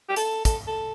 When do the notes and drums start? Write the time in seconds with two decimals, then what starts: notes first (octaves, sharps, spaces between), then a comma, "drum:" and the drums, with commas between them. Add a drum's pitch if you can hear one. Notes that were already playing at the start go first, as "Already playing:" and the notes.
0.09 G4
0.16 A4, drum: hi-hat
0.45 A4, drum: kick, hi-hat
0.67 A4